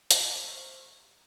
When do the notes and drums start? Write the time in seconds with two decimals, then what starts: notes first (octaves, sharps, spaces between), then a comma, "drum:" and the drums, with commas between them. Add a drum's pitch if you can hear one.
0.11 C3 A3 A#3, drum: hi-hat